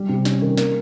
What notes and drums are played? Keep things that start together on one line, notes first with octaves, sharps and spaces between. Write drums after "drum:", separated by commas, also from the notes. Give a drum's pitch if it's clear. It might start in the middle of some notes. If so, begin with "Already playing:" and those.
Already playing: G3
C3
C#4, drum: snare
D#3
A#3, drum: snare